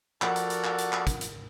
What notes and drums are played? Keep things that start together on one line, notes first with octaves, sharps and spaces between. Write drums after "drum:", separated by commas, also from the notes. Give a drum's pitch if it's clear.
F3 F#4 A4 A#4 D5 F#5, drum: clap
drum: hi-hat
drum: hi-hat
drum: clap
drum: hi-hat
drum: clap
drum: kick, hi-hat
drum: hi-hat